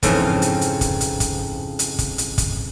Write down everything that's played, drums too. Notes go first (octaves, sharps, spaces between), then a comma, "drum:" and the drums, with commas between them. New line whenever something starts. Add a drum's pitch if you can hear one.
F2 G#2 C#3 E3 C4 F5, drum: kick, hi-hat
drum: hi-hat
drum: hi-hat
drum: kick, hi-hat
drum: hi-hat
drum: kick, hi-hat
drum: hi-hat
drum: kick, hi-hat
drum: hi-hat
drum: kick, hi-hat